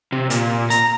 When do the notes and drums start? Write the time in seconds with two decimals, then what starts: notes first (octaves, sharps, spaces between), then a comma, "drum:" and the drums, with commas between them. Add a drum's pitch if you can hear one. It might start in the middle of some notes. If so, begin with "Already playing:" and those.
0.12 C3
0.30 A#2, drum: hi-hat
0.70 A#5, drum: hi-hat